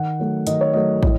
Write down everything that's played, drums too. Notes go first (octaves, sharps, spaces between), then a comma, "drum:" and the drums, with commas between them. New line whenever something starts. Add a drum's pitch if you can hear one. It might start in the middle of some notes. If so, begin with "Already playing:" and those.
Already playing: D#3 F#5
F#3 A3
D#3 D#5, drum: hi-hat
C#5
F#3 A3 D#5
A2, drum: kick